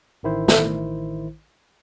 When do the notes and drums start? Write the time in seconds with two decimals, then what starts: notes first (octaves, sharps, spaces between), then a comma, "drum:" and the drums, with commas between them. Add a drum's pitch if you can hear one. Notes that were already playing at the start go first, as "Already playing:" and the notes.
0.23 A1 D#3 E4 C5
0.48 drum: snare